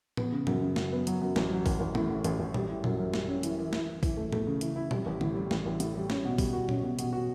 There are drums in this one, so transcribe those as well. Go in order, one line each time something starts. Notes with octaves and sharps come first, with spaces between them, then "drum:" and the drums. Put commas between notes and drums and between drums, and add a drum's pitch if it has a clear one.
B3, drum: tom
C#3
F#2, drum: tom
C#3
F#2, drum: snare
B3
F#3, drum: hi-hat
F#2
A1, drum: snare
F#3
A1, drum: kick, open hi-hat
A1
A2, drum: tom
A2
A1, drum: hi-hat
A1
G3, drum: tom A#2
E3
F#2, drum: tom A#2
F#2
G3, drum: snare
C#4
E3, drum: hi-hat
E3
E4, drum: snare
E4
E3, drum: kick, open hi-hat
A3
A3, drum: tom
C#3
E3, drum: hi-hat
E4
G3, drum: tom A#2
A1
A2, drum: tom D3
G3
A1, drum: snare
A1
A2, drum: hi-hat
G3
C#4, drum: snare
B2
G3, drum: kick, open hi-hat
F#4
C#4, drum: tom A#2
B2
B2, drum: hi-hat
F#4